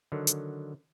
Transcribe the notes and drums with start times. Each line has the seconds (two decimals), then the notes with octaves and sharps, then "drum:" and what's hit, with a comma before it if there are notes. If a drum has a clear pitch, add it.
0.12 D3 D#3 F#3
0.27 drum: hi-hat